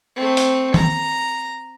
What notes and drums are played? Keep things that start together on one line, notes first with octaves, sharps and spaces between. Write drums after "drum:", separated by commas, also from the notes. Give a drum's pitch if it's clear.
A3 C4
drum: hi-hat
A#5, drum: tom D#3